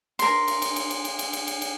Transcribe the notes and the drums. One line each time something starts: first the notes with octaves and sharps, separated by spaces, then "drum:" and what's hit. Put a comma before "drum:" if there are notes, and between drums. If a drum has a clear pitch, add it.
A#4 C6, drum: cymbal
drum: cymbal
drum: cymbal
drum: cymbal
drum: cymbal
drum: cymbal
drum: cymbal
drum: cymbal
drum: cymbal
drum: cymbal